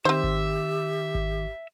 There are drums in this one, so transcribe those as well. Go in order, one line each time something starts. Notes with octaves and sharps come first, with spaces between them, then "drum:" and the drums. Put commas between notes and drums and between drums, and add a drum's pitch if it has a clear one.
D#3 C4 G4 C5 E5
drum: kick G#1
drum: kick G#1